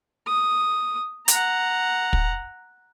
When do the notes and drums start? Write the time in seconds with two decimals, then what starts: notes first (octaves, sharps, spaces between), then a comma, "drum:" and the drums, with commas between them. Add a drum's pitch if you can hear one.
0.27 D#6
1.28 F#5 A#5, drum: hi-hat
2.13 drum: kick